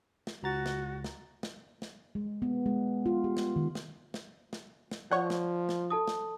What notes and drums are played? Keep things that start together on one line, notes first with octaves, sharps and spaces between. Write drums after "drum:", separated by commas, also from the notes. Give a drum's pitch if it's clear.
drum: snare
C#2 F#4 A#5 A6
drum: snare
drum: snare
drum: snare
drum: snare
G#3
B3
G#3
F4
G4
drum: snare
D#3
drum: snare
drum: snare
drum: snare
drum: snare
F3 C#5 D5 F#5
drum: snare
drum: snare
A4 A5 D#6
drum: snare